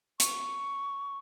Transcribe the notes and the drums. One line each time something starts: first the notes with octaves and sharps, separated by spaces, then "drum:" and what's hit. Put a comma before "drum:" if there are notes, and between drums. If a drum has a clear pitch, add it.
C#6, drum: hi-hat